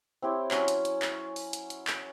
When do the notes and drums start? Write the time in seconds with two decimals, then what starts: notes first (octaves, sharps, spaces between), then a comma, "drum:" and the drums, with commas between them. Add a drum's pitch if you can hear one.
0.22 C4 E4 G4 C#5
0.51 F#3 C#4, drum: clap
0.68 drum: hi-hat
0.85 drum: hi-hat
1.02 drum: clap
1.36 drum: open hi-hat
1.53 drum: hi-hat
1.70 drum: hi-hat
1.87 drum: clap